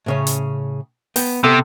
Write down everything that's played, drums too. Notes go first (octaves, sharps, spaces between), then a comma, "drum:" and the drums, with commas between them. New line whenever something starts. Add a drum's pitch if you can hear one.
A2 C#3 C#4
drum: hi-hat
B3 G5, drum: open hi-hat
C3 B3 A4